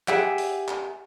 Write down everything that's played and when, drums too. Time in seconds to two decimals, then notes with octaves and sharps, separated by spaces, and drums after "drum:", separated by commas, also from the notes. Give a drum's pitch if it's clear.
0.08 G4 G#4 E5 F#5, drum: clap
0.38 drum: open hi-hat
0.68 drum: clap